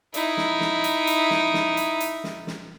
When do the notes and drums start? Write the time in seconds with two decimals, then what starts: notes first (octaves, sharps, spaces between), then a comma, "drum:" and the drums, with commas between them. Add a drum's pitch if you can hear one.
0.14 D#4 E4, drum: hi-hat
0.37 drum: snare
0.61 drum: snare
0.84 drum: hi-hat
1.07 drum: hi-hat
1.30 drum: snare
1.54 drum: snare
1.77 drum: hi-hat
2.00 drum: hi-hat
2.24 drum: snare
2.47 drum: snare